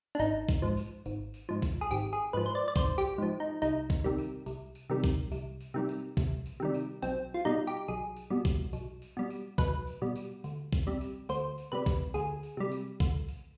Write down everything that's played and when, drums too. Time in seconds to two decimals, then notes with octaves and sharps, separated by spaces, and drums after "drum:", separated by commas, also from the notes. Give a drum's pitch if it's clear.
0.15 D4
0.20 G#1 D#4, drum: tambourine
0.49 drum: kick B1, tambourine
0.62 G#2 F3
0.77 drum: tambourine
1.06 G#1, drum: tambourine
1.34 drum: tambourine
1.49 G#2 F3
1.62 drum: kick B1, tambourine
1.81 G#4
1.91 G#1 G4, drum: tambourine
2.13 G#4
2.33 G#2 F3 B4
2.46 C5
2.55 D5
2.68 D5
2.76 G#1 C5, drum: kick B1, tambourine
2.98 G4
3.18 G#2 F3
3.40 D#4
3.62 C2 D#4, drum: tambourine
3.90 drum: kick B1, tambourine
4.04 C3 D#3 G3
4.18 drum: tambourine
4.46 C2, drum: tambourine
4.75 drum: tambourine
4.90 C3 D#3 G3
5.04 drum: kick B1, tambourine
5.32 C2, drum: tambourine
5.61 drum: tambourine
5.74 C3 D#3 G3
5.89 drum: tambourine
6.17 C2, drum: kick B1, tambourine
6.46 drum: tambourine
6.60 C3 D#3 G3
6.74 drum: tambourine
7.02 B1 C4, drum: tambourine
7.34 F4
7.45 B2 G3 D#4
7.67 G4
7.88 B1 G#4
8.17 drum: tambourine
8.30 B2 G3
8.45 drum: kick B1, tambourine
8.73 B1, drum: tambourine
9.02 drum: tambourine
9.17 B2 G3
9.30 drum: tambourine
9.58 B1 B4, drum: kick B1, tambourine
9.87 drum: tambourine
10.02 B2 G3
10.16 drum: tambourine
10.44 D2, drum: tambourine
10.73 drum: kick B1, tambourine
10.87 C3 G3
11.01 drum: tambourine
11.29 D2 C5, drum: tambourine
11.58 drum: tambourine
11.72 C3 G3 B4
11.86 drum: kick B1, tambourine
12.14 D2 G#4, drum: tambourine
12.43 drum: tambourine
12.57 C3 G3
12.72 drum: tambourine
13.00 D2, drum: kick B1, tambourine
13.29 drum: tambourine